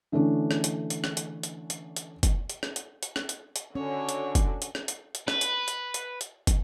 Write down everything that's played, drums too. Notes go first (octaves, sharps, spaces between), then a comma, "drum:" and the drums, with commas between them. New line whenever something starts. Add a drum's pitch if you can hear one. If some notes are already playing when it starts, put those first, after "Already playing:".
D3 E3 A3 C#4 D4
drum: rim click
drum: hi-hat
drum: hi-hat
drum: rim click
drum: hi-hat
drum: hi-hat
drum: hi-hat
drum: hi-hat
drum: kick, hi-hat
drum: hi-hat
drum: rim click
drum: hi-hat
drum: hi-hat
drum: rim click
drum: hi-hat
drum: hi-hat
D3 C#4 F#4 C#5
drum: hi-hat
drum: kick, hi-hat
drum: hi-hat
drum: rim click
drum: hi-hat
drum: hi-hat
B4, drum: rim click
drum: hi-hat
drum: hi-hat
drum: hi-hat
drum: hi-hat
drum: kick, hi-hat